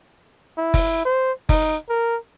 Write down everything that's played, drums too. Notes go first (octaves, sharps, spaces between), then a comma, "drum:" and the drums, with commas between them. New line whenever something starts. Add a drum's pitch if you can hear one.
E4
drum: kick F#1, open hi-hat
C5
D#4, drum: kick F#1, open hi-hat
A#4